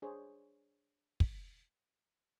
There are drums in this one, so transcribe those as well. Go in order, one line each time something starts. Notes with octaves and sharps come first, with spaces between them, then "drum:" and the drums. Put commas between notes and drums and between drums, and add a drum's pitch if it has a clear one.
D4 G#4 C5 C#5
drum: kick